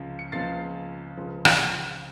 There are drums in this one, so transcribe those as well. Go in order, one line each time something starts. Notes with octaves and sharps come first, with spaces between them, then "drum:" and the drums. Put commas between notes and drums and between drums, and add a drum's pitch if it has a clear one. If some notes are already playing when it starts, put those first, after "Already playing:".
Already playing: C#2 C#3 F3
C#7
C#2 C#3 F3 A6 C7
C#2 C#3 F3
drum: rim click